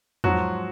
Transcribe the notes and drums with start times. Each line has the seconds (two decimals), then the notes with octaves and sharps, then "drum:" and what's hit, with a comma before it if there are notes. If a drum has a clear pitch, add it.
0.24 G#2 F3 F#3 F#4, drum: tom E2